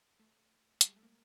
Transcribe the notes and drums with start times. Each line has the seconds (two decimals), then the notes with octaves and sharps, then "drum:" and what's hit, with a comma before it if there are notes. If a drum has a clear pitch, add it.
0.19 A3
0.81 G3, drum: hi-hat
0.88 G#3
0.96 A3
1.03 A#3